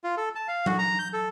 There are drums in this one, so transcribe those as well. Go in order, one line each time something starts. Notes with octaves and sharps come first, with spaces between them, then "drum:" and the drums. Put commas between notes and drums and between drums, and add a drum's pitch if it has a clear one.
F4
A4
A5
F5
F#4, drum: tom F#3
A#5
G6
A4